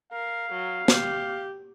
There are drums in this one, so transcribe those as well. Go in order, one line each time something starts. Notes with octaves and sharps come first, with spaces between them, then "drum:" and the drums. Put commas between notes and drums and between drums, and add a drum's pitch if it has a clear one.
A#4 F5
F#3
G4, drum: snare